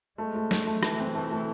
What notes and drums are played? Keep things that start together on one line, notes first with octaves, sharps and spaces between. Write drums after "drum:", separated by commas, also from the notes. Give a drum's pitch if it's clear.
G#3 A3
A3
A3, drum: snare
A3
E3 A3, drum: rim click
C4
A3
A3